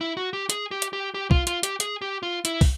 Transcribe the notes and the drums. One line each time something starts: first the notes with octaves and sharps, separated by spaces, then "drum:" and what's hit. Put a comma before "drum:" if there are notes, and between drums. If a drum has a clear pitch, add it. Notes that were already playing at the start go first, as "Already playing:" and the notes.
E4
F#4
G4
G#4, drum: hi-hat
G4
drum: hi-hat
G4
G4
F4, drum: kick
F4, drum: hi-hat
G4, drum: hi-hat
G#4, drum: hi-hat
G4
F4
E4, drum: hi-hat
drum: kick, open hi-hat